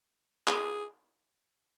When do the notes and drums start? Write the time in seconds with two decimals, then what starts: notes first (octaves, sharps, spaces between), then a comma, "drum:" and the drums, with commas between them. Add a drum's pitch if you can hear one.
0.48 G#4, drum: clap